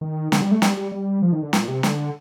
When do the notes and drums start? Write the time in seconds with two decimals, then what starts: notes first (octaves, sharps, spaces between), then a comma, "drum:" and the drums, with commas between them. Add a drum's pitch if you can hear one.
0.01 D#3
0.32 D3, drum: snare
0.42 G3
0.51 A3
0.62 G3, drum: snare
0.77 G3
0.92 G3
1.22 F3
1.32 D#3
1.42 D3
1.53 A#2, drum: snare
1.68 C3
1.83 D3, drum: snare